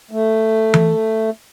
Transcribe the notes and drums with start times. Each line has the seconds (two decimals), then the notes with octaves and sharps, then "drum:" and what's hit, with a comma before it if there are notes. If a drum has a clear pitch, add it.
0.11 A3
0.74 drum: tom E3